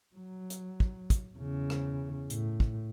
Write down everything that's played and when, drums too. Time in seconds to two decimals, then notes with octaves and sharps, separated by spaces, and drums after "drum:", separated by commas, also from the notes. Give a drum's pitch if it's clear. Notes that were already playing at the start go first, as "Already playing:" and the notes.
0.16 F#3
0.50 drum: hi-hat
0.80 drum: kick
1.10 drum: kick, hi-hat
1.36 E2 C#3
1.70 drum: rim click
2.30 A2, drum: hi-hat
2.60 drum: kick